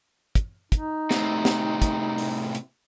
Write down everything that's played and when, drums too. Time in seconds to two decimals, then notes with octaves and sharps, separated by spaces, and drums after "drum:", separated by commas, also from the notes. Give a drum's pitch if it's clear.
0.35 drum: kick, hi-hat
0.72 D#4, drum: kick, hi-hat
1.11 A2 C3, drum: snare
1.45 drum: snare
1.82 drum: kick, hi-hat
2.18 drum: open hi-hat
2.55 drum: hi-hat